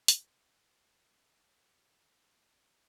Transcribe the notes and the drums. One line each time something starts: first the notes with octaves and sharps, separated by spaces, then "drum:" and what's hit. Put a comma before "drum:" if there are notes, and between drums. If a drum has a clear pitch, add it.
E3 F#3 G3, drum: hi-hat